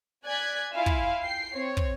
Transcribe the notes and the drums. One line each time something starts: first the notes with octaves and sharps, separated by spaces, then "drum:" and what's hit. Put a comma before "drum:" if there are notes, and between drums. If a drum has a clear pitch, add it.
D5 G#5 F#6 G#6 B6
E4 F4 E5 F5 G#5
drum: kick
G5 C7
C4 C#5
drum: kick